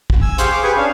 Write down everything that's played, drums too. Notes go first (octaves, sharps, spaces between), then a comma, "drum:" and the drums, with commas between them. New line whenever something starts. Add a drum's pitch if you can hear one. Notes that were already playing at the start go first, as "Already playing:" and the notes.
drum: kick
G#5 E6
G4 G#4 C5 F5 C6 C#6, drum: hi-hat
G#4 D6
G4 G#4 B4 G#5 C#6
C#4 D4 F5